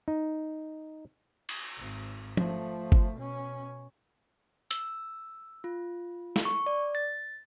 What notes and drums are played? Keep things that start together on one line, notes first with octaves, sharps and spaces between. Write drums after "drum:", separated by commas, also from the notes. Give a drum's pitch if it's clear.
D#4
drum: cymbal
G#1
F3 A3, drum: tom
drum: kick G1
B2 C#4
E6, drum: hi-hat
F4
drum: snare
C#6
D5
A6